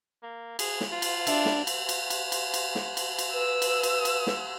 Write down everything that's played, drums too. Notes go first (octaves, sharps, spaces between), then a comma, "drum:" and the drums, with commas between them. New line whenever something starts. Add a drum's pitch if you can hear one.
A#3
G#4, drum: cymbal
drum: snare
F4
drum: cymbal
D4 E4, drum: cymbal
drum: snare
drum: cymbal
drum: cymbal
drum: cymbal
drum: cymbal
drum: cymbal
drum: snare
drum: cymbal
drum: cymbal
B4 E6
drum: cymbal
drum: cymbal
drum: cymbal
drum: snare